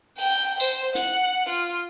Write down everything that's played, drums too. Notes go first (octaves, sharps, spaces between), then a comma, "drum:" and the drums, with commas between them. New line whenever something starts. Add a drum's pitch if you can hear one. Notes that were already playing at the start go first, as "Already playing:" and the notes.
G5, drum: open hi-hat
C5, drum: tambourine
F#5, drum: hi-hat
F4